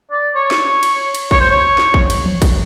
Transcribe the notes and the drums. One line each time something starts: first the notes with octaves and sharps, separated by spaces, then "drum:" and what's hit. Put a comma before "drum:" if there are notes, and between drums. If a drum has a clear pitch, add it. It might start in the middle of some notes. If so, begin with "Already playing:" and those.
D5
C#5
drum: snare
drum: cymbal
drum: cymbal
C#5, drum: kick
C5
C#5
drum: snare
drum: kick
drum: cymbal
drum: tom E3
drum: kick, cymbal